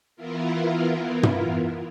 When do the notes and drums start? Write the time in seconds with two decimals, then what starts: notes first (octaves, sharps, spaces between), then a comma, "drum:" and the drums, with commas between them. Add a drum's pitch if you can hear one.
0.16 E3 B3 E4 F4 A#4
1.23 drum: tom